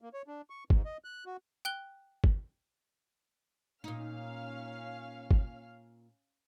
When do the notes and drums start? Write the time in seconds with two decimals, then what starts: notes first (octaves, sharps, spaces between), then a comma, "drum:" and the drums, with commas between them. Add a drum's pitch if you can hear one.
0.01 A#3
0.14 C#5
0.28 D4
0.50 C#6
0.70 G#2, drum: kick G1
0.85 D#5
1.04 F#6
1.26 F#4
1.65 G5 F#6 G7
2.24 drum: kick G1
3.84 A#2 C#4 D#4 F5 F6
5.31 drum: kick G1